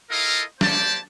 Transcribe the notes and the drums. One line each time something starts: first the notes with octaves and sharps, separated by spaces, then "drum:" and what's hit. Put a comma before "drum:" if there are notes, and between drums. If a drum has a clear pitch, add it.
E4 F4 A4 A#4 D#5 F5
A#3 G4 C5 D5 A5, drum: snare